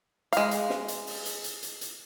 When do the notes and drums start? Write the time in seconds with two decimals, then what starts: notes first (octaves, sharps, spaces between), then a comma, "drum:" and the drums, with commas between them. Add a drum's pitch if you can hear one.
0.33 G#3 F5, drum: hi-hat
0.51 drum: hi-hat
0.70 drum: snare
0.88 drum: hi-hat
1.07 drum: open hi-hat
1.25 drum: hi-hat
1.44 drum: hi-hat
1.63 drum: hi-hat
1.81 drum: hi-hat